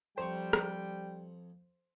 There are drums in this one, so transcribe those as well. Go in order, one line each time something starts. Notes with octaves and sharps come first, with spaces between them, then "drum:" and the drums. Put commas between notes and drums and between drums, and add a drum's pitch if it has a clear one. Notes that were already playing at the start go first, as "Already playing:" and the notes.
F2 G3 C5 G5 A#5 C#6
drum: rim click